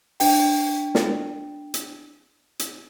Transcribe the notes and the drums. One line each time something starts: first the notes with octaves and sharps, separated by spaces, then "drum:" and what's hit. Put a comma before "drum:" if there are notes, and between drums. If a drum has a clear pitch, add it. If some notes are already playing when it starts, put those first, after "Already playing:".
D4 G5, drum: open hi-hat
drum: snare
drum: hi-hat
drum: hi-hat